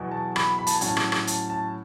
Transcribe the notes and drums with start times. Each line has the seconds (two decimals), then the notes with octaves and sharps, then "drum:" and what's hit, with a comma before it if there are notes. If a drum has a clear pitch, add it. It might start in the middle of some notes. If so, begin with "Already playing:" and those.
Already playing: E2 B2 F#3
0.11 A5
0.36 B5, drum: rim click
0.58 B5
0.67 A5, drum: hi-hat
0.75 G#5
0.81 A2 F#3 C#4 A5, drum: hi-hat
0.97 drum: rim click
1.12 drum: rim click
1.27 A5, drum: hi-hat
1.50 A5